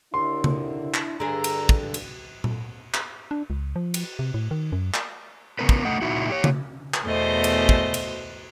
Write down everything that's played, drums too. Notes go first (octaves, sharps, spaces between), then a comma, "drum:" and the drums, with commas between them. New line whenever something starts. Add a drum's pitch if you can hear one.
D#2 D3 D4 E4 C6
drum: tom C#3
drum: clap
G2 D3 G#4 A#5
drum: cymbal
drum: kick
drum: cymbal
drum: tom A#2
drum: clap
D4
C#2
F3
drum: cymbal
C3
A2
D#3
F#2
drum: clap
C#3 F#3 B3 A#4 B4
drum: kick
A3 D#5 F#5
A#2 D#4 E4 F#4
G4 C#5
drum: tom C#3
drum: clap
E2 B2 A3 C5 D#5
drum: cymbal
drum: kick
drum: cymbal